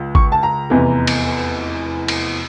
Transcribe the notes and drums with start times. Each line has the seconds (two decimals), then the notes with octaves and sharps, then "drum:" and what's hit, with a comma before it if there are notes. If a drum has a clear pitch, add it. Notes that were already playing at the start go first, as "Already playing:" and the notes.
Already playing: C#2
0.15 C#6, drum: kick G#1
0.32 A5
0.43 A#5
0.70 F1 E2 E3
1.07 drum: cymbal
2.08 drum: cymbal